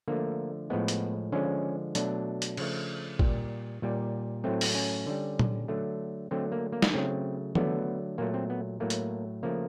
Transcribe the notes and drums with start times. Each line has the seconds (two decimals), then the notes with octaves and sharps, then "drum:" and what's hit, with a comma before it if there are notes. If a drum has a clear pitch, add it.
0.08 D3 F3 A3 A#3
0.70 A2 F3 G#3 B3
0.88 drum: hi-hat
1.32 D3 F3 G#3 C#4
1.95 B2 F#3 A3 D4, drum: hi-hat
2.42 drum: hi-hat
2.57 C#3 F3 A3, drum: cymbal
3.19 A#2 G3, drum: kick
3.82 A#2 G3
4.44 A2 F#3 A3 C4
4.61 drum: open hi-hat
4.75 C#4
5.07 D3 G3
5.39 drum: tom A#2
5.68 D3 F#3 A3
6.31 D3 F#3 A3 C4
6.52 A#3
6.72 A#3
6.82 drum: snare
6.93 C#3 F#3 A3 C4
7.55 D3 F#3 A3 B3, drum: tom E3
8.18 A#2 F#3 A3 A#3
8.34 C4
8.50 B3
8.80 A2 F#3 A3 A#3
8.90 drum: hi-hat
9.43 C#3 F3 A3 A#3